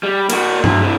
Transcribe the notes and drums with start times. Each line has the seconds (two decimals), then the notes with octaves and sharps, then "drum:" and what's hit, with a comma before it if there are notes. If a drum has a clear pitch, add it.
0.03 G3
0.30 A#3 F#4, drum: cymbal
0.64 D3 F#3, drum: tom G2
0.82 C3 E3